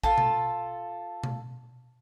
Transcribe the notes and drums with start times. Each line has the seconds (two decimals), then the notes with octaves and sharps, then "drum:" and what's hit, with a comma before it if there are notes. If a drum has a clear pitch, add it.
0.04 F4 A4 A5, drum: kick
0.18 drum: tom B2
1.24 drum: tom B2